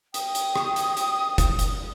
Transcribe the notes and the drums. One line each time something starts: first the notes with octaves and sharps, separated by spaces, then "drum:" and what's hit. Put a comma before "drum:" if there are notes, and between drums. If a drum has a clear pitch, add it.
G5 D#6, drum: hi-hat
drum: hi-hat
drum: rim click
drum: hi-hat
drum: hi-hat
drum: kick F#1, hi-hat
drum: hi-hat